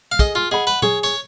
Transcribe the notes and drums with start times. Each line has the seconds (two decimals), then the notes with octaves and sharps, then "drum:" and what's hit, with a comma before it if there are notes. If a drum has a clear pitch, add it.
0.12 F5
0.19 G#4 D#5, drum: kick, tambourine
0.35 F4
0.51 G#4 D#5 F#5 B5
0.67 B4
0.82 G#4 C#5, drum: tom A#2
1.03 C#5, drum: tambourine